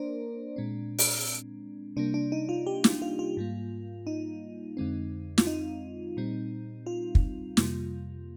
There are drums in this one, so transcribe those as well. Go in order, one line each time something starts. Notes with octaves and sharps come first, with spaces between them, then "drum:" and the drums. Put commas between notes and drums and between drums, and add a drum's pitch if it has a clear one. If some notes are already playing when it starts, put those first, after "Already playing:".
Already playing: A#3 D4 A#4 C5 D5
A#2 G#3 C4
drum: open hi-hat
C3 G3 A#3 D4
D4
D#4
F4
G4
F4, drum: snare
F4
F4
G#2 G3 A#3
D#4
F2 D3 G#3 C4
F4, drum: snare
D#4
A#2 G3 C4
F4
drum: kick
F2 C3 G3 A#3, drum: snare